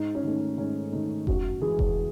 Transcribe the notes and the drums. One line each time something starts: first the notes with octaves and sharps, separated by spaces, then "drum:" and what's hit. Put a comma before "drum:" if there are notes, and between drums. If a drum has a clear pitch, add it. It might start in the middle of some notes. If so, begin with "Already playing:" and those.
Already playing: G#2 D#4
C#4
D#3 A3 D#4
G#2 C#4
D#3 A3 D#4
F#2 F#4, drum: kick F1
E3 G#3 G#4
drum: kick F1